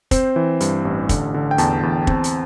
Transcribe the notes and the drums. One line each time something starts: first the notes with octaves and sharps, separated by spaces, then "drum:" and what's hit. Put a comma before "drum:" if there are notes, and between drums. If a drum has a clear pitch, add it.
C4 C5, drum: kick, hi-hat
E3
G2, drum: hi-hat
A1
D3, drum: kick, hi-hat
D3
G5
E2 A5, drum: hi-hat
E2
C4, drum: kick
drum: hi-hat